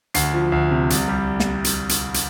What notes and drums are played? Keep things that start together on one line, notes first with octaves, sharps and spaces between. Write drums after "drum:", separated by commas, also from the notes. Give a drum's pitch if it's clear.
D2 C7, drum: hi-hat
F3
D2
C3
C2, drum: hi-hat
G3
drum: snare
drum: hi-hat
drum: hi-hat
drum: hi-hat